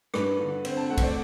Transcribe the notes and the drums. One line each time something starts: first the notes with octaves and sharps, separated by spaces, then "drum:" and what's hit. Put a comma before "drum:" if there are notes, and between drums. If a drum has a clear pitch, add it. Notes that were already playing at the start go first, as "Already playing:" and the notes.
G2 B4, drum: rim click
D3
C4 C5, drum: cymbal
A5
A3 F#5
C5, drum: kick, cymbal
D5